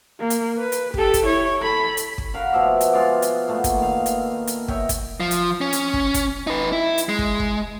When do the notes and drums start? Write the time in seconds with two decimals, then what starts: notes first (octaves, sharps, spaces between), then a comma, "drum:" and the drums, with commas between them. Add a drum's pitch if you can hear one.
0.20 A#3
0.30 drum: hi-hat
0.58 B4
0.72 drum: hi-hat
0.94 G4 A4, drum: kick
1.14 drum: kick, hi-hat
1.26 E4 C#5
1.62 A4 B5
1.97 drum: hi-hat
2.18 drum: kick
2.34 F#4 A#4 F5
2.52 B2 F3 E5 D6
2.81 drum: hi-hat
2.93 G#3 F4 B5 D6
3.22 drum: hi-hat
3.48 A#2 A3 B3
3.64 drum: kick, hi-hat
3.78 D#3 F5
4.06 drum: hi-hat
4.47 drum: hi-hat
4.68 C#5 D#5 E5 G5, drum: kick
4.89 drum: kick, hi-hat
5.20 F3
5.31 drum: hi-hat
5.61 C#4
5.73 drum: hi-hat
5.93 drum: kick
6.14 drum: kick, hi-hat
6.47 D#4 B4
6.72 E4
6.98 drum: hi-hat
7.09 G#3
7.19 drum: kick
7.39 drum: kick